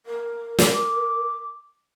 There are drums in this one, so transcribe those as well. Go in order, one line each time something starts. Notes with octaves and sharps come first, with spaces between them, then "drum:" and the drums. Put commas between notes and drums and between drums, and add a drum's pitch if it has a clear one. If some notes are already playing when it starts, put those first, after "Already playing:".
A#4
drum: snare
D6